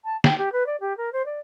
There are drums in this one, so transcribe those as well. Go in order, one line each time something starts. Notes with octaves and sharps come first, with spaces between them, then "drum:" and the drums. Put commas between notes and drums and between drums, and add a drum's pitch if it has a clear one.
A5
G5, drum: snare
G4
B4
D5
G4
A#4
C5
D5